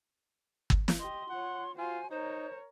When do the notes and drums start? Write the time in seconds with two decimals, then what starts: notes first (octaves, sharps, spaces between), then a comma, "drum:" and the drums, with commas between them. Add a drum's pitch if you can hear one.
0.70 drum: kick G1
0.88 drum: snare
0.99 G4 D#5 C6
1.30 F4 C#5 F#5
1.78 F4 F#4 C5 G#5
2.11 D#4 A#4 C5 C#5